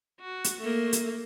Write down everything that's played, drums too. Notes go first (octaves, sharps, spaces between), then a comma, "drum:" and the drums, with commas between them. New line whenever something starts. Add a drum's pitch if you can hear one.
F#4
drum: hi-hat
A3 A#3
drum: hi-hat